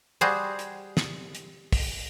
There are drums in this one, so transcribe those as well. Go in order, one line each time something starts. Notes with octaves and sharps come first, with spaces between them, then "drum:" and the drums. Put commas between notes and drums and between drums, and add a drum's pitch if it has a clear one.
G3 F#4 G#4 C5
drum: hi-hat
drum: snare
drum: hi-hat
drum: kick, open hi-hat